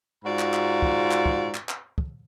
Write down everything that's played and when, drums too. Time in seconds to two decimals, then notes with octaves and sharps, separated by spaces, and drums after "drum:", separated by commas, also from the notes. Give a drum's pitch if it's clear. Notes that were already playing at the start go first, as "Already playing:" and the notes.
0.25 G#2 F4 F#4 D5 A#5
0.39 drum: clap
0.54 drum: clap
0.82 drum: kick
1.11 drum: clap
1.26 drum: kick
1.55 drum: clap
1.69 drum: clap
1.98 drum: kick